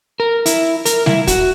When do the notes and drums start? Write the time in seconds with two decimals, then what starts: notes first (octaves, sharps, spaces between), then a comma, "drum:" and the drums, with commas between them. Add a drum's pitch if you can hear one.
0.20 A#4
0.46 E4, drum: hi-hat
0.85 A#4, drum: hi-hat
1.06 E4, drum: snare
1.27 F#4, drum: kick, hi-hat